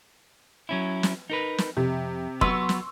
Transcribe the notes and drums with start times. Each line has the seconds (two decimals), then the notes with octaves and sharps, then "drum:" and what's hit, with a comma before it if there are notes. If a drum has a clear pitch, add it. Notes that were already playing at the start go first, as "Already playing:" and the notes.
0.69 F#3 C#4 E4
1.03 drum: snare
1.30 D#4 A#4 B4
1.58 drum: snare
1.77 F2 C3
2.41 F#3 B3 B4 C6 C#6 E6, drum: kick F1
2.69 drum: snare